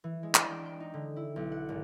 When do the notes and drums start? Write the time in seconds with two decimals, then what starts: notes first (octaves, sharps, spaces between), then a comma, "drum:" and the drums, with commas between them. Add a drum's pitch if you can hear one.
0.04 E3
0.23 G#3
0.35 D4, drum: clap
0.50 G5
0.65 G5
0.80 D#4
0.94 D3
1.16 E4
1.36 B1
1.52 F#5
1.69 G#1